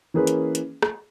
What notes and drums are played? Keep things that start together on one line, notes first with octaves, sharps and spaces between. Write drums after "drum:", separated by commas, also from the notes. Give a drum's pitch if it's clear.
E3 A#3 C#4 G#4 B4
drum: hi-hat
drum: hi-hat
drum: rim click